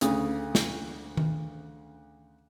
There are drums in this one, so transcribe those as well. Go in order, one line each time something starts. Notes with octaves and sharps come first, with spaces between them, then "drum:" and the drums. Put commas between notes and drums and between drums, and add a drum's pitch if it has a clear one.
D2 C#3 D#6, drum: hi-hat
drum: snare
drum: tom D#3